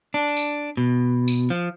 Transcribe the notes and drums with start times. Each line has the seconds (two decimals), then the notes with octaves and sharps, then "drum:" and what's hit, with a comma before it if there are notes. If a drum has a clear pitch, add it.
0.14 D4
0.37 drum: tambourine
0.77 B2
1.28 drum: tambourine
1.50 F3